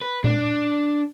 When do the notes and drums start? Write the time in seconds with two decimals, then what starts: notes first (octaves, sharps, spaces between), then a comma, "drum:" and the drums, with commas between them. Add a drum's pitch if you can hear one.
0.01 B4
0.24 D4, drum: tom A#2